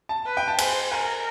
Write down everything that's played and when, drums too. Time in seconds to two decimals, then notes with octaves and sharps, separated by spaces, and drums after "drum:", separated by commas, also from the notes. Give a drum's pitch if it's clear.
0.09 A5
0.26 B4
0.37 G5
0.48 A5
0.59 C5 G#5, drum: cymbal
0.92 A#4 G#5